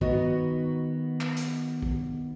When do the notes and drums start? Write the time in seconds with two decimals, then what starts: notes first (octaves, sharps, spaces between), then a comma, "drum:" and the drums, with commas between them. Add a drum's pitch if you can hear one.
0.01 D#3 B3 F#4 D#5, drum: kick
1.21 drum: clap
1.37 drum: hi-hat
1.82 drum: kick